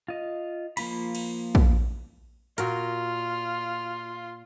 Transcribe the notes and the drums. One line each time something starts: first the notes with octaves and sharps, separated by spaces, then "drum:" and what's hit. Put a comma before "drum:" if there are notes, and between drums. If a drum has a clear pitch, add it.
F4 D#5
F3 A#3 F4 B5, drum: cymbal
drum: cymbal
drum: kick
A#2 F4 F#4 A#4, drum: hi-hat